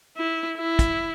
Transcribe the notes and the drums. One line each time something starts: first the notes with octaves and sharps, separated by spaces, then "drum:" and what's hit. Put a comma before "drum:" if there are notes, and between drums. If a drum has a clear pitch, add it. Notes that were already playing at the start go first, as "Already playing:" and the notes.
E4
E4
drum: kick, hi-hat